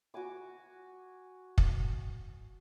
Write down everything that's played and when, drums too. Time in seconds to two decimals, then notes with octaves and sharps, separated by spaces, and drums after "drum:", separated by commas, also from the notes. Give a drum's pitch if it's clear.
0.14 F#4 F#5 G#5 D6
1.58 drum: kick